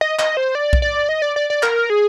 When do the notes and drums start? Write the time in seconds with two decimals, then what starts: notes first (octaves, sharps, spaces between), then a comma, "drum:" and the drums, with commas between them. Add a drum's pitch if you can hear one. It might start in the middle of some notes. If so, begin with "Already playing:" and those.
0.01 D#5
0.19 D#5, drum: clap
0.37 C5
0.55 D5
0.73 drum: kick B1
0.82 D5
1.09 D#5
1.22 D5
1.36 D5
1.50 D5
1.63 A#4, drum: clap
1.90 G#4